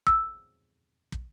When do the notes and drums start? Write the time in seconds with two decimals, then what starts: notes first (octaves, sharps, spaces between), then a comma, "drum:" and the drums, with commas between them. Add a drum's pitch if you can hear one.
0.07 E6, drum: kick
1.12 drum: kick